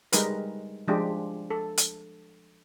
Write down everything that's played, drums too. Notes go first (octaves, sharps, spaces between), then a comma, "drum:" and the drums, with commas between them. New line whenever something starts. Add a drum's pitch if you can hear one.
G3 G#3 D#4 A#4 B4, drum: hi-hat
F3 G#3 D4 G4
A4
drum: hi-hat